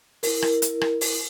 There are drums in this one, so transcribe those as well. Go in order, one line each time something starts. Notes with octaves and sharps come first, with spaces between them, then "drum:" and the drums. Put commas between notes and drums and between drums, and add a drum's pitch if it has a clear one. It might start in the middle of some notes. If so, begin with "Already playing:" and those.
E4 A#4, drum: open hi-hat
drum: rim click
drum: hi-hat
drum: rim click
drum: open hi-hat